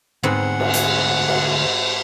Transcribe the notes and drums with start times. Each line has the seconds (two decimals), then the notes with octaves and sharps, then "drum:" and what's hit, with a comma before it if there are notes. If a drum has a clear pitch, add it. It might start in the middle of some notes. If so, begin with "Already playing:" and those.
0.23 D2 G#2 B3 C4 G#4 F#5
0.60 drum: cymbal
0.74 drum: hi-hat
1.28 drum: cymbal